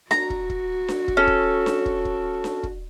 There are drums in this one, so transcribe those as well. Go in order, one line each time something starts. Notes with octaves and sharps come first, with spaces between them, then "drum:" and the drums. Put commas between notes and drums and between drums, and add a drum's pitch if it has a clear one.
F#4 A#5, drum: snare D4
drum: kick
drum: kick
drum: snare D4
drum: kick
C#4 A4
drum: kick
drum: snare D4
drum: kick
drum: kick
drum: snare D4
drum: kick